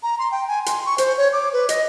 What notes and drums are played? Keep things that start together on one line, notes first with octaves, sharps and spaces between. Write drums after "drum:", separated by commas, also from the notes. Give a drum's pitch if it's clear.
A#5
C6
G5
G#5
C6, drum: hi-hat
C#6
C5, drum: hi-hat
C#5
D6
B4
D#5, drum: hi-hat